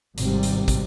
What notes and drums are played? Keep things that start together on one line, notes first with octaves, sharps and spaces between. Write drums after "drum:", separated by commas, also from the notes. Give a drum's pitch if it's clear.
G#1 C3 G3, drum: hi-hat
drum: hi-hat
drum: kick, hi-hat